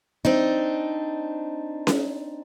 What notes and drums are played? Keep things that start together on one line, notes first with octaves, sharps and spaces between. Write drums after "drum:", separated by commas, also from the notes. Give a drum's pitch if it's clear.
C4 D4 D#4
drum: snare C#4